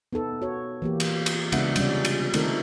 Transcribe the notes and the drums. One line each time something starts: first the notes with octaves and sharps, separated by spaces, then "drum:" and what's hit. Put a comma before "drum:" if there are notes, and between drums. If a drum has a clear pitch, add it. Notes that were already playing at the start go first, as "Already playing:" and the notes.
B3 D#4 A4 B4
F#4 C#5
E3 A#3 G4
drum: cymbal
drum: cymbal
C#3 G#3 B3 D4 E5 F#5, drum: cymbal
C3 G3 C#4 D5, drum: cymbal
drum: cymbal
D#3 A3 C4 D#4 A4 A#4, drum: cymbal